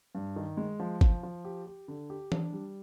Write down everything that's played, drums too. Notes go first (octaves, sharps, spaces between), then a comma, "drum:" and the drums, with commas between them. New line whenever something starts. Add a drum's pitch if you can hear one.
G2
D#3
G#3
F3
F3, drum: kick G1
F3
G4
G4
D3
G4
D4, drum: tom E3
G3